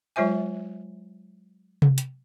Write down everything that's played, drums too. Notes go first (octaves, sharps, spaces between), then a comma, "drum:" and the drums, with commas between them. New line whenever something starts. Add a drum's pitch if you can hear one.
F#3 G#3 F4 C5 E5 G#5
drum: tom C3
drum: hi-hat